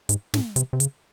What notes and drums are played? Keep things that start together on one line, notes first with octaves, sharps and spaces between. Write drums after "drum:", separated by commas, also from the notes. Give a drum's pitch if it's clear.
G#2, drum: hi-hat
A2, drum: snare
C3, drum: hi-hat
C3
C#3, drum: hi-hat